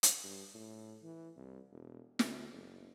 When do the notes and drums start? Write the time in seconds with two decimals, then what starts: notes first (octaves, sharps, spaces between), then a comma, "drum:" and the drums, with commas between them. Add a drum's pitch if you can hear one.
0.03 drum: hi-hat
0.24 G2
0.54 A2
1.02 E3
1.36 C2
1.70 E1
2.19 D2, drum: snare
2.51 F#1